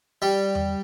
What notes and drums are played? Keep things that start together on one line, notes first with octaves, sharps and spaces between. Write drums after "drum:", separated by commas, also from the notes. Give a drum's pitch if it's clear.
G3
drum: tom E2